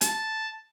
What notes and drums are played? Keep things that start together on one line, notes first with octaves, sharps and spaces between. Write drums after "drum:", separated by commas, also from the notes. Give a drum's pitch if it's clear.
A5, drum: hi-hat